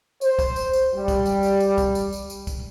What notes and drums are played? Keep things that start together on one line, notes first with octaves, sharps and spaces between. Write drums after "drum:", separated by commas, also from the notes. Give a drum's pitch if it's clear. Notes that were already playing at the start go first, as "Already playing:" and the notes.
C5, drum: tambourine
drum: kick, tambourine
drum: tambourine
drum: tambourine
G3
drum: kick, tambourine
drum: tambourine
drum: tambourine
drum: tambourine
drum: kick, tambourine
drum: tambourine
drum: tambourine
drum: tambourine
drum: kick, tambourine